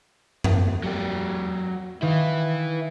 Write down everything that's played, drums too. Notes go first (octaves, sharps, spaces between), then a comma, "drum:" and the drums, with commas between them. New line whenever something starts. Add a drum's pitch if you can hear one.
drum: tom F#2
F#3 G4
D#3 E4 B4 F5